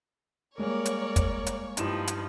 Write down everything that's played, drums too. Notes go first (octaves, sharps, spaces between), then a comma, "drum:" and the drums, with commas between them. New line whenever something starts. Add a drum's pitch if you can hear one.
G3 G#3 A#3 A#4 C#5 D5
drum: hi-hat
drum: kick, hi-hat
drum: hi-hat
G2 F3 D#4 E4 E7, drum: hi-hat
drum: hi-hat